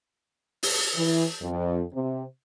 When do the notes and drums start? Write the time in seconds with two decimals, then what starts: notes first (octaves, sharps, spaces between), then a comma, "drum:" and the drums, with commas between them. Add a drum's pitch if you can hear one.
0.63 drum: open hi-hat
0.96 E3
1.41 F2
1.94 C3